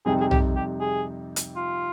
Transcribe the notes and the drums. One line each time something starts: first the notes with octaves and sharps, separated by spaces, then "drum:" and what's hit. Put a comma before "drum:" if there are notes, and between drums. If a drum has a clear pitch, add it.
F2 C3 G3 C4 D#4 G#4
G#4
G4, drum: tom
G4
G#4
drum: hi-hat
F4